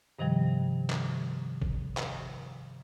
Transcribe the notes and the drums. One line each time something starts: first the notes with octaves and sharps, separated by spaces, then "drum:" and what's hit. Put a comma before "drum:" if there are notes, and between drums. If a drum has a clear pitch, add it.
G2 C3 D#3 F3 G3
drum: clap
drum: kick G1
drum: clap